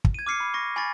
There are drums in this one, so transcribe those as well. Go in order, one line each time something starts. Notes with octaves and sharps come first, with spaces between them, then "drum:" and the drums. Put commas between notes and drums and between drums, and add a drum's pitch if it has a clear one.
drum: kick
G#6 D#7
D6 F6 C7 C#7
B5
C#6 A#6
G#5 B5 C#6 A6